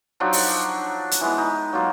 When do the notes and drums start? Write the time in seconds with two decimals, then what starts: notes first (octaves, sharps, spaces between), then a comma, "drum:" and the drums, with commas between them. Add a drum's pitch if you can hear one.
0.20 F3 F#3 D4 D#4
0.33 drum: open hi-hat
1.11 drum: hi-hat
1.21 E3 G#3 B3
1.37 D#4
1.73 F#3 A#3 F4